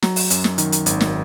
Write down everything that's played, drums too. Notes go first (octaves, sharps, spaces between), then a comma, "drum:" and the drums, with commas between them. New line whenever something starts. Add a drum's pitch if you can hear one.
F#3 A#5, drum: snare
drum: open hi-hat
F#2, drum: hi-hat
drum: snare
D#3, drum: hi-hat
drum: hi-hat
G#1, drum: hi-hat
drum: snare